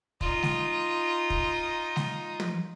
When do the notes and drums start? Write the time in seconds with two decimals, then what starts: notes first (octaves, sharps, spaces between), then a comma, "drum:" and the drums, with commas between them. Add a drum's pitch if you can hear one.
0.21 D#4 F4, drum: kick
0.43 drum: snare
1.30 drum: kick
1.96 drum: snare
2.40 drum: tom